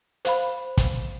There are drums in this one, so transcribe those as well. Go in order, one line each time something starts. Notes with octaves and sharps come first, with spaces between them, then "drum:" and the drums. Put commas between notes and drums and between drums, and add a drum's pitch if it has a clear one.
C5 F5 B5, drum: hi-hat
drum: kick, hi-hat